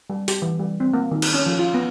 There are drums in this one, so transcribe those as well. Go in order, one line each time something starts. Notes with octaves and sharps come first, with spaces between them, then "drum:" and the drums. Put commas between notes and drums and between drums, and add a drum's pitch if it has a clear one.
G3
G4, drum: open hi-hat
E3
G3
C4
A#3
D#3
drum: cymbal
C#4
F3
F4
B3